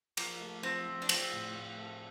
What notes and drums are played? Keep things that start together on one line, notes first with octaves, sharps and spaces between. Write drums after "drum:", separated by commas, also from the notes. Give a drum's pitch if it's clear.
F3 A#3, drum: cymbal
A3
F3 C4
F3
D4
F3 C4, drum: cymbal
A2
A2
A3